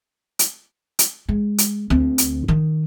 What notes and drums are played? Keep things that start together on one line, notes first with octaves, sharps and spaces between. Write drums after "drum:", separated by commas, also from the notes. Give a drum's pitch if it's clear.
drum: hi-hat
drum: hi-hat
G#3
drum: hi-hat
D2 C4
drum: hi-hat
D#3